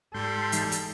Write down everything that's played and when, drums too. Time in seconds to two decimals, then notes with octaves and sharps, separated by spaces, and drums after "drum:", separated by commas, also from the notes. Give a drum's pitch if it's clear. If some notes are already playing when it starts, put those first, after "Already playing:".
0.14 G#2 G3 A4 G5 C6
0.52 E3 G#3 D#4, drum: hi-hat
0.72 drum: hi-hat